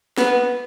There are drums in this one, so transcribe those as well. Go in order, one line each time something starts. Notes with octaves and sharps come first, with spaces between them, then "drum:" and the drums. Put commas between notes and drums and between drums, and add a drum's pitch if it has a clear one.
B3, drum: snare